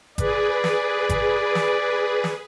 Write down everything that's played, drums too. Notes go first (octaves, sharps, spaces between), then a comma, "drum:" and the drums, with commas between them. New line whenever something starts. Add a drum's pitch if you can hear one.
G#4 B4 D5, drum: kick G#1, hi-hat
drum: snare
drum: kick G#1, hi-hat
drum: snare
drum: snare